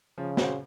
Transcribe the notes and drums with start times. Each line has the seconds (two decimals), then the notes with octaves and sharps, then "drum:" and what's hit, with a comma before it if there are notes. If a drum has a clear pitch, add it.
0.18 C#3 F3
0.37 C4 F#4 C5, drum: snare